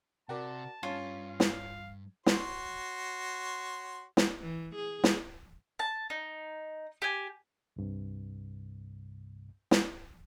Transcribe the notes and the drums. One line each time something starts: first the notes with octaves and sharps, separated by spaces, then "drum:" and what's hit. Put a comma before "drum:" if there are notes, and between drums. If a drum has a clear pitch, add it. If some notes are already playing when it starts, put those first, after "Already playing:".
C3 F#4 A#4 D5 A5
G2 C#4 F4 C#5
F5
drum: snare
F#4 C#5 C6, drum: snare
drum: snare
E3
G#4
drum: snare
A5
D#4
G4 G#5
C2 G2 C3
drum: snare